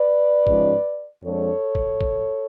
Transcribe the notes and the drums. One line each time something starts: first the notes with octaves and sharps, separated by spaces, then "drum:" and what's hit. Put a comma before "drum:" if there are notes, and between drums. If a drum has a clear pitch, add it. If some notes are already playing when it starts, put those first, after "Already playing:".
Already playing: B4 D5
G#2 F3 G#3 C#4, drum: kick
F2 F3 G#3 D4 A4 C#5
drum: kick
drum: kick